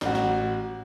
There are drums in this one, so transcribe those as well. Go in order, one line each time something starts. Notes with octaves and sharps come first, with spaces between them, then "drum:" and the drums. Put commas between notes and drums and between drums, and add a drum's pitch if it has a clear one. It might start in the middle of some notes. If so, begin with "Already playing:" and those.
A1 F#4, drum: snare
drum: snare